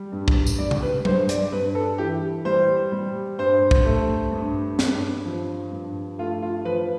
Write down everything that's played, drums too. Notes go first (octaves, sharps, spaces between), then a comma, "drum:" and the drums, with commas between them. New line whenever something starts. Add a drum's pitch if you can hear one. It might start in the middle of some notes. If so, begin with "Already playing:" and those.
Already playing: G3
G2
drum: kick
drum: tambourine
G3 D5
drum: tom C3
B4
G2 C5, drum: tom
D5, drum: hi-hat
G2 B4
A4
E3 G4
G3 C5
G3
G2 C5
drum: kick
A3
G2
G2, drum: snare
F3
G2
A3 F4
F4
F3 B4